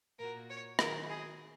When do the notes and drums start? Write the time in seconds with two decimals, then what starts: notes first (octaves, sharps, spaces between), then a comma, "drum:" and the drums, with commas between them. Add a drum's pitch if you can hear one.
0.19 A#2 A#3 F#4 A#4
0.50 C#5
0.79 D#3 F#3 D#4 G#4 A#4, drum: rim click
1.09 G#4